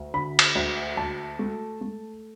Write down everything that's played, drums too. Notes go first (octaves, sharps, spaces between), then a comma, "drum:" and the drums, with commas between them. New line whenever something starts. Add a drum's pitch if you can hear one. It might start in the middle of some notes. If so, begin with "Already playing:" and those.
Already playing: D2
D3 B5
drum: cymbal
D2
D2 A5
A3
A3